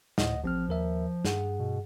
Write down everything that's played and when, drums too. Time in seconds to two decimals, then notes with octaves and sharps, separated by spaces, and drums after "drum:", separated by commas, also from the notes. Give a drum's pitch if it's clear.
0.18 D2 A2 D#5 F#5, drum: snare
0.44 A1 F3 C4 F6
0.69 D#2 A#4 E5
1.25 G2 G#4 F#5, drum: snare
1.59 B2